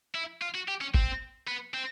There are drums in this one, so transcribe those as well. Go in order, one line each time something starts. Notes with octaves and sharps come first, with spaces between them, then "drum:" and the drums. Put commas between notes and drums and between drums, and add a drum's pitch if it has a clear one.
E4
F4
F#4
G4
C#4
C4, drum: kick G1
B3
C4